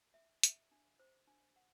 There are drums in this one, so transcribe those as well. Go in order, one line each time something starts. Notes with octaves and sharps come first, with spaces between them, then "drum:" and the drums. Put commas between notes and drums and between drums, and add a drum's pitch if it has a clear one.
E5
E5, drum: hi-hat
D4
C5
D4
F#5